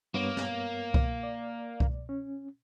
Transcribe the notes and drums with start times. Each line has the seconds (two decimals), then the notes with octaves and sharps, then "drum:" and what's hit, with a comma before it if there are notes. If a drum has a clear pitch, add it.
0.14 G2 A#3 B3 C#5
0.37 drum: snare
0.94 drum: kick C2
1.23 D5
1.80 drum: kick C2
2.09 C#4